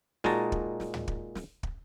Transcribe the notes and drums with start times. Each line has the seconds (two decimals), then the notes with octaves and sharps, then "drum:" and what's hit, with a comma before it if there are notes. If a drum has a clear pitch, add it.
0.24 A#2 G#3 D#4 F#4 A5 A#5, drum: snare
0.52 drum: kick
0.80 drum: snare
0.94 drum: tom
1.08 drum: kick
1.35 drum: snare
1.63 drum: kick